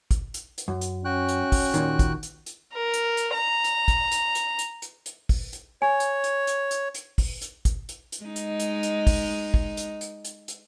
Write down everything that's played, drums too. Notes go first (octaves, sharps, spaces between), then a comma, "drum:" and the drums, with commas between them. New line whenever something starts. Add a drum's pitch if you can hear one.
drum: kick, hi-hat
drum: hi-hat
drum: hi-hat
F#2
drum: hi-hat
C#4 F#4 G5 F#6
drum: hi-hat
drum: kick, open hi-hat
D#2 A#2 D#3, drum: hi-hat
drum: kick, hi-hat
drum: hi-hat
drum: hi-hat
A#4
drum: hi-hat
drum: hi-hat
A#5
drum: hi-hat
drum: kick, hi-hat
drum: hi-hat
drum: hi-hat
drum: hi-hat
drum: hi-hat
drum: hi-hat
drum: kick, open hi-hat
drum: hi-hat
C#5 G#5
drum: hi-hat
drum: hi-hat
drum: hi-hat
drum: hi-hat
drum: hi-hat
drum: kick, open hi-hat
drum: hi-hat
drum: kick, hi-hat
drum: hi-hat
drum: hi-hat
G#3 D#4
drum: hi-hat
drum: hi-hat
drum: hi-hat
drum: kick, open hi-hat
drum: kick
drum: hi-hat
drum: hi-hat
drum: hi-hat
drum: hi-hat